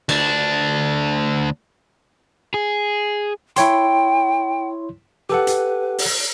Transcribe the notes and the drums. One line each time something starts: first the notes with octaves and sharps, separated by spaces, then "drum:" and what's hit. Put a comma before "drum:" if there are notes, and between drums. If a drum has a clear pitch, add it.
D2 D4, drum: cymbal
G#4
E4 C#5 G5 C6, drum: hi-hat
G4 A4 B4 F#5
drum: hi-hat
drum: open hi-hat